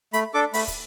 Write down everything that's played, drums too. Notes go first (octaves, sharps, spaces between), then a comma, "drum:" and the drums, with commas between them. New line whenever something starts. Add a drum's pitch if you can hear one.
A3 B5, drum: hi-hat
D4 A4 D6
A3 B5, drum: open hi-hat
drum: kick, hi-hat